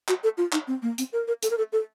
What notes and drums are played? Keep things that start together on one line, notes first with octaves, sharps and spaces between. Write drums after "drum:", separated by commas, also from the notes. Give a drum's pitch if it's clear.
F#4, drum: clap
A4
F4
D#4, drum: clap
C4
A#3
C4, drum: hi-hat
A#4
A#4
A4, drum: hi-hat
A#4
A4
A4